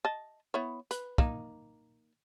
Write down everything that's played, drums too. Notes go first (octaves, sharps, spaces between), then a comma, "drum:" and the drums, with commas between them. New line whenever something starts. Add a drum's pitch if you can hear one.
D#5 A5
B3 E4 C#5
B4, drum: hi-hat
A#3 D#4, drum: kick